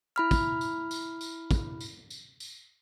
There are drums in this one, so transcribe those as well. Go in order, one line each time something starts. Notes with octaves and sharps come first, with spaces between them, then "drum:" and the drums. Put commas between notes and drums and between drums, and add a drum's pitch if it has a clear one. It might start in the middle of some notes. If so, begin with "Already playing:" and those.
E4 B5 F6
drum: kick, tambourine
drum: tambourine
drum: tambourine
drum: tambourine
drum: kick, tambourine
drum: tambourine
drum: tambourine
drum: tambourine